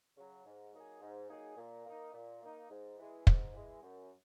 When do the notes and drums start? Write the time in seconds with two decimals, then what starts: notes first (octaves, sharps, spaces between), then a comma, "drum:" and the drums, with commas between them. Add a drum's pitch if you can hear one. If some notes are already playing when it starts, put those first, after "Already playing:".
0.18 C#3 F#3
0.46 G#2
0.73 F#3 A#3 D#4 G#4
1.02 G#2
1.30 F#3 A#3 D#4 G#4
1.57 A#2
1.86 A#3 D#4
2.14 A#2
2.43 A#3 D#4
2.71 G#2
2.99 E3 G#3
3.27 G#2, drum: kick
3.54 E3 G#3
3.83 F#2